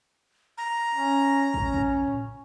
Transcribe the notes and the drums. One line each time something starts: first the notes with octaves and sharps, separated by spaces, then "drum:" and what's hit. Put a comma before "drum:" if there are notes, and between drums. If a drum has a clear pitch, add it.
A#5
C#4
C#4, drum: kick
drum: kick
drum: tom A2